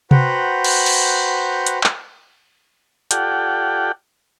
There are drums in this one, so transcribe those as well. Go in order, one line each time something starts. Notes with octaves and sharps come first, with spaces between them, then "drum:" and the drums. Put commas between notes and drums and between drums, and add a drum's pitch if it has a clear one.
F#4 B4 C5 F#5 G5 A#5, drum: tom C3
drum: cymbal
drum: cymbal
drum: hi-hat
drum: clap
F4 G4 A4 D5 F#5 G5, drum: hi-hat